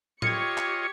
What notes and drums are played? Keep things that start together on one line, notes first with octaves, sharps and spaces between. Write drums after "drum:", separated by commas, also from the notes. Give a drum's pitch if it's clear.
F4 G4 C#5 D#5 C#6 G#6 C#7, drum: tom
drum: clap